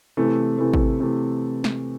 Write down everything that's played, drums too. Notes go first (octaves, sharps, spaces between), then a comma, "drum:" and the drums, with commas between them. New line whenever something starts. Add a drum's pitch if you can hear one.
C3 E3 A3
C3 E3 A3
drum: kick
C3 E3 A3
drum: snare